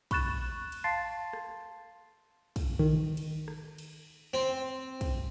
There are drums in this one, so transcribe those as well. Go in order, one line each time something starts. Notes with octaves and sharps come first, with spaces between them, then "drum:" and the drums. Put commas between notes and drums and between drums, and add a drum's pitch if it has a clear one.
B5 C#6 F#6 A6 E7, drum: kick, cymbal
drum: cymbal
F5 A5 C6 A6 C7
drum: rim click
drum: kick, cymbal
D#3
drum: cymbal
drum: rim click
drum: cymbal
C4
drum: kick, cymbal